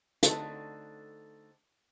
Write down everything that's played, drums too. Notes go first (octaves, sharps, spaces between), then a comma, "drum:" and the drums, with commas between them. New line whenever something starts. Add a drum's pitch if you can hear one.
D3 A3 C4 D#4 F#4 A4, drum: hi-hat